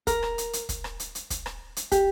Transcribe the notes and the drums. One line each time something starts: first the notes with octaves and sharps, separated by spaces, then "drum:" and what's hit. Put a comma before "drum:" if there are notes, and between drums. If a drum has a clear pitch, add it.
A#4, drum: kick, hi-hat
drum: rim click
drum: hi-hat
drum: hi-hat
drum: kick, hi-hat
drum: rim click
drum: hi-hat
drum: hi-hat
drum: kick, hi-hat
drum: rim click
drum: hi-hat
G4, drum: kick, hi-hat